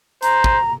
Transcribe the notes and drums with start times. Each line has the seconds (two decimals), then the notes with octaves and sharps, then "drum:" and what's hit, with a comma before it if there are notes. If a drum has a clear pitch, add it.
0.23 C5 A#5, drum: hi-hat
0.44 drum: kick